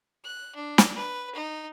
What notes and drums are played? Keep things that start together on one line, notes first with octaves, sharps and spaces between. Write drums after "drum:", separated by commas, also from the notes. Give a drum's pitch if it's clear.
F#6
D4
drum: snare
B4
D#4